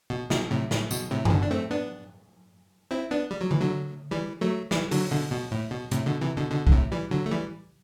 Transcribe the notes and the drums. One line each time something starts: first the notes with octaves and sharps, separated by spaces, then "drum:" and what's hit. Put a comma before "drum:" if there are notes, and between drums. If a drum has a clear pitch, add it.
B2
B2, drum: snare
A2 C3
A2, drum: snare
B2, drum: tambourine
A2 C3
E3, drum: tom F#2
B2 D3
D4
A3 C4
B3 D4
C4 E4
B3 D4
G3
F#3
E3, drum: tom D3
D3 F#3
E3 G3
F#3 A3
E3 G3, drum: snare
D3 F#3, drum: open hi-hat
B2 D3
B2
A2
B2
A2 C3, drum: hi-hat
B2 D3
C3 E3
B2 D3
B2 D3
D3, drum: kick C2
A2 C3
E3 G3
D3 F#3
A3
E3 G3